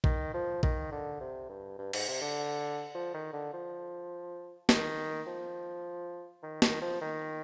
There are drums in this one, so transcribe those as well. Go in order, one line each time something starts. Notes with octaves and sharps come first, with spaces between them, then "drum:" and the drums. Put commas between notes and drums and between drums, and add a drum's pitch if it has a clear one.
D#3, drum: kick
F3
D#3, drum: kick
D3
C3
G2
G2
G#2, drum: cymbal
C3
D3
F3
D#3
D3
F3
D#3, drum: snare
F3
D#3
D#3, drum: snare
F3
D#3